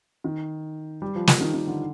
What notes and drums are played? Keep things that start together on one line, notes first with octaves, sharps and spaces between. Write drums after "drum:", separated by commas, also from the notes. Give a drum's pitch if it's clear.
D#3
G3
F3
F3, drum: snare
D#3
D#3
D3